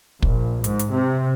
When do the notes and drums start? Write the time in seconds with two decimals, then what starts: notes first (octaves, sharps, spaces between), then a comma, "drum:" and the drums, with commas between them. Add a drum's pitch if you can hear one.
0.22 A#1, drum: kick
0.64 G#2, drum: hi-hat
0.79 drum: hi-hat
0.94 C3